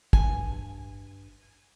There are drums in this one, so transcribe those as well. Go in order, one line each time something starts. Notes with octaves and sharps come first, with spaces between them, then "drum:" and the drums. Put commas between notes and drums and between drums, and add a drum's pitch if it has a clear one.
G2 G#5, drum: kick